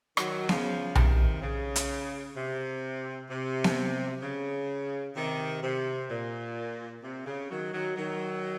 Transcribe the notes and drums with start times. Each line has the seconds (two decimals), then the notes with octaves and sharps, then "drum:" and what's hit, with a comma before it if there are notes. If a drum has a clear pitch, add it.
0.17 D#3 F#3, drum: rim click
0.49 C#3 F3, drum: snare B3
0.95 C3 D#3, drum: tom B1
1.42 C#3
1.76 drum: hi-hat
2.36 C3
3.29 C3
3.64 drum: snare B3
4.22 C#3
5.16 C3 D#3
5.63 C3
6.10 A#2
7.03 C3
7.26 C#3
7.49 D#3 F#3
7.73 D#3 F#3
7.96 D#3 F#3